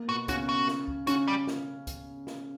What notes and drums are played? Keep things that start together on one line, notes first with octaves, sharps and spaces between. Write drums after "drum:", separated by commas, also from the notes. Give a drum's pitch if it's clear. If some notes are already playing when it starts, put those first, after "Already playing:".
Already playing: A#3
B2 B3 F#4
C#3 C#4 F#4, drum: kick C#2, hi-hat
F#4
drum: snare
drum: kick C#2
C#3 C#4 F#4, drum: hi-hat
G3
drum: snare
drum: kick C#2, hi-hat
drum: snare